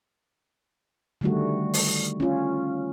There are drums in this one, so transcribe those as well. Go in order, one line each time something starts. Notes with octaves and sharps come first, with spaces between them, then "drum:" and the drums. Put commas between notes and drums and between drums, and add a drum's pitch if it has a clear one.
D3 D#3 G3 A3 F#4
drum: open hi-hat
C#4 F4